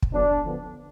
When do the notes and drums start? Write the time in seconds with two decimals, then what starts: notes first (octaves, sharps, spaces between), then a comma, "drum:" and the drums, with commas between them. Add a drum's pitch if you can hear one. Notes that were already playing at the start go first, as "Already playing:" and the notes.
0.02 drum: kick
0.13 D3 F#3 B3 D4
0.44 D3 F3 B3